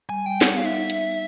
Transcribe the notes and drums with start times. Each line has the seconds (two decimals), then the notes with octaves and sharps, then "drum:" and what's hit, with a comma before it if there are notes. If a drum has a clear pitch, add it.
0.09 G3 G#5
0.26 G3 G5
0.41 B3 F#5, drum: snare
0.57 D#4 F5
0.65 E5
0.74 D#4
0.90 drum: hi-hat